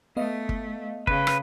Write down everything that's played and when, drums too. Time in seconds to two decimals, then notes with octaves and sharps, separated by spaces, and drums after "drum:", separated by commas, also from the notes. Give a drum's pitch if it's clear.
0.17 A3 B3 D#5 F5
0.49 drum: kick G1
1.07 C#3 B4, drum: kick G1
1.27 drum: rim click